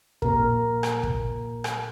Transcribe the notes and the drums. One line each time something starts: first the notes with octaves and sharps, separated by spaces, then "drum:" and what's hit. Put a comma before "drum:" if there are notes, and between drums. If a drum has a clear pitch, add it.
A#2 A#4, drum: kick
drum: rim click
drum: kick
drum: rim click